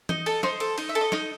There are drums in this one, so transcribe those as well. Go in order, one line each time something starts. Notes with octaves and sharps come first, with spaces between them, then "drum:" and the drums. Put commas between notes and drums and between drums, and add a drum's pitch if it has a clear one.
D#4 D#5, drum: tom E3
A4, drum: cymbal
D#4 C5, drum: snare
A4, drum: cymbal
D#4 D#5, drum: cymbal
E5
A4, drum: cymbal
D#5
D#4 D#5, drum: snare